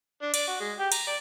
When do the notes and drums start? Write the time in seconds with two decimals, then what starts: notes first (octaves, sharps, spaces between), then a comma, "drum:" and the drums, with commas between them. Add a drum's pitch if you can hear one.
0.22 D4
0.34 D5, drum: cymbal
0.48 F#4
0.60 G#3
0.79 G4
0.92 A#5, drum: cymbal
1.07 D5